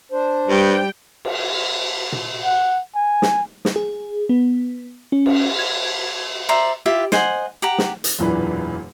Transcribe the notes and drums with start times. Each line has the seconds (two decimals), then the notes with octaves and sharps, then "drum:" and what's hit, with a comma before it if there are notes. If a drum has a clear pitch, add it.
0.12 D4 C5
0.48 G2 G3 G5
1.25 drum: cymbal
2.12 drum: tom
2.44 F#5
2.95 G#5
3.22 drum: snare
3.65 drum: snare
3.76 G#4
4.29 B3
5.12 C#4
5.26 drum: cymbal
5.59 G#6
6.49 C5 D5 E5 A#5
6.86 E4 F4 G4 E5
7.12 C5 D#5 F#5 G#5, drum: snare
7.62 G4 F#5 A#5
7.78 drum: snare
8.04 drum: hi-hat
8.19 E1 F#2 A#2 E3 D4 B4